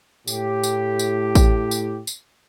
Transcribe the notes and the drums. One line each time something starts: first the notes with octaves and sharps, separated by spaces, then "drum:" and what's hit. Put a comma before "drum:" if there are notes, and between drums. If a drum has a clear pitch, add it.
A2 G4, drum: tambourine
drum: tambourine
drum: tambourine
drum: kick A1, tambourine
drum: tambourine
drum: tambourine